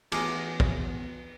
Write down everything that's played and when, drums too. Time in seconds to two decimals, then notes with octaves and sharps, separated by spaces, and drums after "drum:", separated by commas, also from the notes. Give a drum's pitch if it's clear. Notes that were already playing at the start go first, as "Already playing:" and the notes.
0.12 A1 E2 D4 G#4 A#5 D6, drum: cymbal
0.60 drum: kick